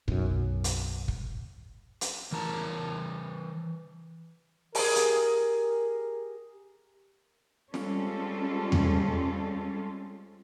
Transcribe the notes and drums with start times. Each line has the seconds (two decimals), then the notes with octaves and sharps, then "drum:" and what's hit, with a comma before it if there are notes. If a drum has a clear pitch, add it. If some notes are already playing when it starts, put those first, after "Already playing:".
0.08 B1 F#2, drum: kick
0.64 drum: hi-hat
1.08 drum: kick
2.01 drum: hi-hat
2.32 E3 A#4 A5 A#5
4.75 G4 G#4 A#4, drum: open hi-hat
4.96 drum: hi-hat
7.74 G3 G#3 C4 C#4 F4 A4, drum: snare
8.72 drum: tom E2